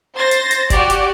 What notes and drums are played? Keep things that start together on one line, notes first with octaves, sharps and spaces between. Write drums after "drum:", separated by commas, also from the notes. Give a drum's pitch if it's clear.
C5 A6 A#6
drum: hi-hat
drum: hi-hat
F#4 G4 D5, drum: kick F#1, hi-hat
drum: hi-hat